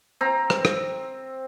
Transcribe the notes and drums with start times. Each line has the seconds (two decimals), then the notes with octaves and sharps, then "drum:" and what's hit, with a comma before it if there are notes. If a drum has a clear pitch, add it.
0.21 C4 A#5
0.50 drum: rim click
0.65 drum: rim click